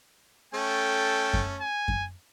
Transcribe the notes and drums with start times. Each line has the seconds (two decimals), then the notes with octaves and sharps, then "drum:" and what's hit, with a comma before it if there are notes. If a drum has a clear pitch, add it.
0.54 A3 C#4 A4 G5
1.33 drum: kick F#2
1.61 G#5
1.88 drum: kick F#2